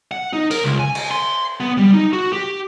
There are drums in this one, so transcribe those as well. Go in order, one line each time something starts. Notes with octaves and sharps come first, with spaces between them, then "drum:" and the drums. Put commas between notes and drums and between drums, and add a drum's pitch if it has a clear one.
F#5
D#4
A#4, drum: open hi-hat
C#2
G#5
drum: cymbal
C6
B3
G3
D#4
F#4
G4